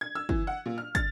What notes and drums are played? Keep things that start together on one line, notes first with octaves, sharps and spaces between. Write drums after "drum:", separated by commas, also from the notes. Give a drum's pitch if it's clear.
G#6
E6
E3, drum: kick
F#5
A#2
F6
A6, drum: kick, hi-hat